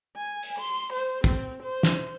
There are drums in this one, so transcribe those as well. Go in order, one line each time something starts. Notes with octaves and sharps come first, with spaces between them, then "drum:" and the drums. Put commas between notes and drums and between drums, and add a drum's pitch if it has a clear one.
G#5
drum: open hi-hat
C6
C5
C4, drum: kick
C5
drum: snare